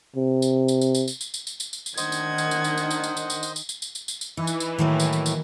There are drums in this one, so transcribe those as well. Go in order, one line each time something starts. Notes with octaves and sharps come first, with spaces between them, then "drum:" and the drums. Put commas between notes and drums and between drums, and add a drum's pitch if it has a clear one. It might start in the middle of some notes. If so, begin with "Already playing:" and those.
C3
drum: tambourine
drum: tambourine
drum: tambourine
drum: tambourine
drum: tambourine
drum: tambourine
drum: tambourine
drum: tambourine
drum: tambourine
drum: tambourine
drum: tambourine
D#3 D4 C5 D#5 F#5 G#6, drum: tambourine
drum: tambourine
drum: tambourine
drum: tambourine
drum: tambourine
drum: tambourine
drum: tambourine
drum: tambourine
drum: tambourine
drum: tambourine
drum: tambourine
drum: tambourine
drum: tambourine
drum: tambourine
drum: tambourine
drum: tambourine
drum: tambourine
E3 D#4
drum: tambourine
drum: tambourine
A2 D#3 F#3 A#3
drum: tambourine
drum: tambourine
drum: tambourine